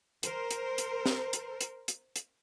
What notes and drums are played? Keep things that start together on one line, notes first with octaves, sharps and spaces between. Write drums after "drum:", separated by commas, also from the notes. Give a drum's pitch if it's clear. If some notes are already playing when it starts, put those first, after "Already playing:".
A#4 C5, drum: hi-hat
drum: hi-hat
drum: hi-hat
drum: snare
drum: hi-hat
drum: hi-hat
drum: hi-hat
drum: hi-hat